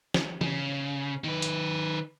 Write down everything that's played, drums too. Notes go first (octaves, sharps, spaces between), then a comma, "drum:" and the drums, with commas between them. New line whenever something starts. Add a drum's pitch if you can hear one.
drum: snare
C#3, drum: tom
D#3 B4
drum: hi-hat